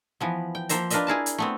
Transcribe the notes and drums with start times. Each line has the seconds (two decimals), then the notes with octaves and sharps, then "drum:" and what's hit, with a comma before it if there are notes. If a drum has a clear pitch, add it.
0.20 E3 F3 B3
0.55 G5
0.69 F3 A#3 C5 E5 A#5, drum: hi-hat
0.90 D4 F4 A#4 B4 D#5 E5, drum: hi-hat
1.07 E4 G#4 A#4 A5
1.26 drum: hi-hat
1.38 A3 B3 C4